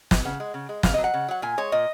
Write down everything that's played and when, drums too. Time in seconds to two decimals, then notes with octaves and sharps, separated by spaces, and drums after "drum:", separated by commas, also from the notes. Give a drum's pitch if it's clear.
0.11 drum: snare
0.25 C#3 F#5
0.40 G#3
0.54 C#3
0.69 G#3
0.83 C#3 F5, drum: snare
0.94 F#3 D#5
1.04 F#5
1.14 C#3
1.28 F#3 F#5
1.42 A#2 G#5
1.58 G#3 C#5
1.72 A#2 D#5